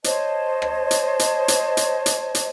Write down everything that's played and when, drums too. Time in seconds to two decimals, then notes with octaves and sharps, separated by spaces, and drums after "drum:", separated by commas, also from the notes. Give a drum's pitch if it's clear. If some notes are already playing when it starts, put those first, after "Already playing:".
0.04 C5 C#5 D#5 A5, drum: hi-hat
0.62 drum: rim click
0.91 drum: hi-hat
1.19 drum: hi-hat
1.48 drum: hi-hat
1.77 drum: hi-hat
2.06 drum: hi-hat
2.35 drum: hi-hat